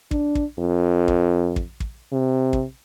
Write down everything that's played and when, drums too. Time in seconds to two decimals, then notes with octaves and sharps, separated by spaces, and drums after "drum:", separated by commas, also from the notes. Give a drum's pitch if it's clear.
0.11 D4, drum: kick
0.35 drum: kick
0.59 F2
1.08 drum: kick
1.56 drum: kick
1.80 drum: kick
2.12 C3
2.53 drum: kick